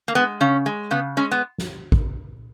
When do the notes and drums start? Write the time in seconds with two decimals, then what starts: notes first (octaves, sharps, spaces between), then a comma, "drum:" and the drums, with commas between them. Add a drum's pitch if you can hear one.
0.08 A#3
0.15 G#3 B3
0.41 C#3 C#4
0.66 G#3
0.91 C#3 B3
1.17 G#3 C#4
1.31 B3
1.58 drum: snare
1.92 drum: kick